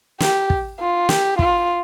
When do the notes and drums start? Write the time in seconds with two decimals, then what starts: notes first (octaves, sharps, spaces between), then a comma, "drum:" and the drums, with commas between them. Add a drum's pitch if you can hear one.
0.20 G4, drum: snare
0.50 drum: kick
0.80 F4
1.09 G4, drum: snare
1.39 F4, drum: kick